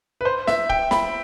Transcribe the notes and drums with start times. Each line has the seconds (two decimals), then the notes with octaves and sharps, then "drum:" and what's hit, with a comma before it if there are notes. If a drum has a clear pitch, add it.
0.21 B4
0.25 C5
0.47 E5, drum: snare
0.69 G5, drum: kick
0.91 B5, drum: snare